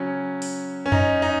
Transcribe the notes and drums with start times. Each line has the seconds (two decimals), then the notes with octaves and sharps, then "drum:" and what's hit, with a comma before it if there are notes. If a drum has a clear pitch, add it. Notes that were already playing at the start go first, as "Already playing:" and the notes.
Already playing: C#3 F#3 C#4
0.42 drum: open hi-hat
0.86 C#4
0.92 D#4, drum: tom F2
1.22 D#4